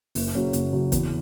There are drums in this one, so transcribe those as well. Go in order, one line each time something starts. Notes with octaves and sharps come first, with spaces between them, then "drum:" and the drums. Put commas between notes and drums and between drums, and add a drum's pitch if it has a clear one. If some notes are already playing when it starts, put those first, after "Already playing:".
F#1, drum: open hi-hat
F#2 C#3 F#3
F#1, drum: hi-hat
F#2 C#3 F#3
E2, drum: kick, hi-hat